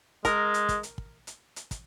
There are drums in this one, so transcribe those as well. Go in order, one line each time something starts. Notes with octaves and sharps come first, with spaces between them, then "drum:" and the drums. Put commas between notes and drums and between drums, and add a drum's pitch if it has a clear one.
G#3 A#4, drum: kick, hi-hat
drum: hi-hat
drum: kick, hi-hat
drum: hi-hat
drum: kick
drum: hi-hat
drum: hi-hat
drum: kick, hi-hat